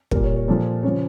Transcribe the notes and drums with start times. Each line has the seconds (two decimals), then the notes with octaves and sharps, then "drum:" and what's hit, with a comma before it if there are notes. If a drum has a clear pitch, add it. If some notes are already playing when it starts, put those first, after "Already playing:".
0.11 A#2 G3 A#4, drum: kick
0.24 C#5
0.36 C#5
0.48 A#2 F3 A4
0.83 C#3 F3 C#5